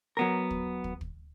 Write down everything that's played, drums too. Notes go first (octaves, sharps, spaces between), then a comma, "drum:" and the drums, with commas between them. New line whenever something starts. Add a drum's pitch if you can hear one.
F#3 B3 A#4
drum: kick
drum: kick
drum: kick